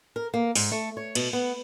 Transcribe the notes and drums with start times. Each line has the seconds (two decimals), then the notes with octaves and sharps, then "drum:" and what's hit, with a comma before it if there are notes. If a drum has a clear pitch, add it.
0.16 A#4
0.34 A#3
0.55 G#2, drum: open hi-hat
0.72 A3
0.97 C#5
1.15 B2, drum: cymbal
1.33 B3